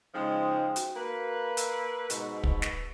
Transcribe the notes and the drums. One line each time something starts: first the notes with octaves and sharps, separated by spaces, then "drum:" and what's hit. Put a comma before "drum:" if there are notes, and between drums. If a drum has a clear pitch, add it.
C#3 F3 G#3 D#4 C5 G5
F#4, drum: hi-hat
A#3 B4
E6, drum: hi-hat
G#2 B2, drum: hi-hat
drum: kick
drum: snare